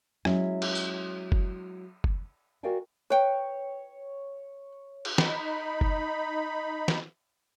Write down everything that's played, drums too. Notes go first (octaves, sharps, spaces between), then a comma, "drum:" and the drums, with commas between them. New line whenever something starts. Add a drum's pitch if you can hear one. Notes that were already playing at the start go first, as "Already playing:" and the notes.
F#3 G#3 C#4 E4, drum: rim click
drum: cymbal
drum: tambourine
drum: kick F#1
drum: kick F#1
F#4 A#4 D5 F5 G5 G#5
B4 C#5 G5
drum: cymbal
D#4 B5, drum: snare
drum: kick F#1
drum: snare